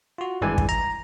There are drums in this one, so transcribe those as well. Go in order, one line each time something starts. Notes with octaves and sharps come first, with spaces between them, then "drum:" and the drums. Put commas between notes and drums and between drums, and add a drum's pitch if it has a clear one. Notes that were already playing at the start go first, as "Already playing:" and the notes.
F4 F#4
G#1 G2 E3 G#3 D5 G#5
drum: kick
A#5